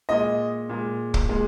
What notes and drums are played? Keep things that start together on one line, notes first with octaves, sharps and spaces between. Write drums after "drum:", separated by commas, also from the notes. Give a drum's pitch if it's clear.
A#2 G#3 D#5
A#2 G#3
drum: kick
A#2 G#3